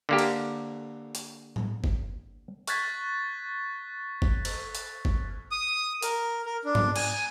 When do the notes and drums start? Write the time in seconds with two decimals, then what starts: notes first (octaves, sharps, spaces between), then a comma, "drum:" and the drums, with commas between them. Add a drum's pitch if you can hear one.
0.09 D3 A#3 G4
0.18 drum: cymbal
1.15 drum: hi-hat
1.56 drum: tom A2
1.84 drum: kick G1
2.67 C#6 F6 F#6 G#6 A6 B6, drum: hi-hat
4.22 drum: kick G1
4.45 drum: cymbal
4.75 drum: hi-hat
5.05 drum: kick G1
5.51 D#6
6.02 A#4, drum: hi-hat
6.46 A#4
6.65 D4
6.75 drum: tom G#2
6.96 G#5, drum: cymbal